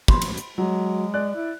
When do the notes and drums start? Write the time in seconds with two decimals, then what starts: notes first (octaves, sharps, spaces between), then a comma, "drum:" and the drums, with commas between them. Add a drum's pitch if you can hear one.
0.08 B5 C6, drum: kick
0.22 drum: cymbal
0.37 drum: hi-hat
0.58 F#3 G#3
1.14 D5 F#6
1.35 E4